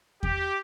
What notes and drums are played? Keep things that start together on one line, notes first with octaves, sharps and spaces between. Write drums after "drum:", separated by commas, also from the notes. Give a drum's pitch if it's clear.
G4, drum: kick E2